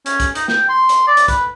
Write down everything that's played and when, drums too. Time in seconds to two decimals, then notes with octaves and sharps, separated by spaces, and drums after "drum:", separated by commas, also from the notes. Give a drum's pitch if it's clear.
0.06 C#4, drum: hi-hat
0.20 drum: kick, hi-hat
0.35 D#4, drum: hi-hat
0.48 G5, drum: snare
0.69 C6
0.89 drum: hi-hat
1.08 D5
1.17 drum: hi-hat
1.28 B4, drum: kick, hi-hat